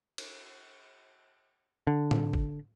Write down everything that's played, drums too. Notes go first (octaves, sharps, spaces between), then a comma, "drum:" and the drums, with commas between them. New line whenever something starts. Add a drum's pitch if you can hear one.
drum: cymbal
D3
drum: tom A2
drum: kick